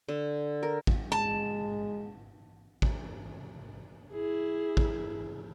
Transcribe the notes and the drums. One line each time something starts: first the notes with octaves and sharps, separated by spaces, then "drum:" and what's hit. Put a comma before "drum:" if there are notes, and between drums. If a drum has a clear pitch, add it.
D3
A#4
drum: kick A1
G#3 A5
drum: kick A1
E4 G#4
drum: kick A1